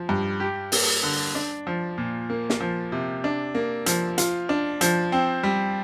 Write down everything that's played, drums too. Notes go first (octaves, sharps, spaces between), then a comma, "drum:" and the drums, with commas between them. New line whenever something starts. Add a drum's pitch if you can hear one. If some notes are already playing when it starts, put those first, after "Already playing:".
Already playing: F3
G2
G4
A#3, drum: open hi-hat
D3
D4
F3
A#2
A#3
drum: snare
F3
C3
D4
A#3
F3, drum: hi-hat
F4, drum: hi-hat
D4
F3, drum: hi-hat
C4
G3